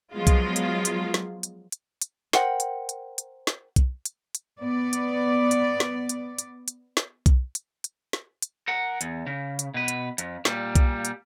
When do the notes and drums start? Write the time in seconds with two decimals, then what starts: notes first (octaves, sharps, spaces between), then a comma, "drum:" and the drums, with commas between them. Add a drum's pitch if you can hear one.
0.14 F3 F#3 G#3 B3 F4
0.27 drum: kick B1, hi-hat
0.56 drum: hi-hat
0.85 drum: hi-hat
1.14 drum: snare
1.43 drum: hi-hat
1.72 drum: hi-hat
2.02 drum: hi-hat
2.33 A#4 C5 F#5 G5, drum: snare
2.60 drum: hi-hat
2.89 drum: hi-hat
3.18 drum: hi-hat
3.47 drum: snare
3.76 drum: kick B1, hi-hat
4.05 drum: hi-hat
4.35 drum: hi-hat
4.61 B3 D5
4.93 drum: hi-hat
5.51 drum: hi-hat
5.80 drum: snare
6.09 drum: hi-hat
6.39 drum: hi-hat
6.68 drum: hi-hat
6.97 drum: snare
7.26 drum: kick B1, hi-hat
7.55 drum: hi-hat
7.84 drum: hi-hat
8.13 drum: snare
8.42 drum: hi-hat
8.68 A#4 F#5
9.01 E2, drum: hi-hat
9.27 C#3
9.59 drum: hi-hat
9.74 B2 B4
9.88 drum: hi-hat
10.18 F2, drum: hi-hat
10.45 A#2 G3, drum: snare
10.75 drum: kick B1, hi-hat
11.05 drum: hi-hat